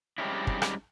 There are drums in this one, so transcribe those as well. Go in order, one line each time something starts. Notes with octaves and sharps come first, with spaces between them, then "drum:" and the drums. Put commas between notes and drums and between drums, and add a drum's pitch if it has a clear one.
G3 G#3 C4 C#4 D#4 E4
drum: kick
drum: rim click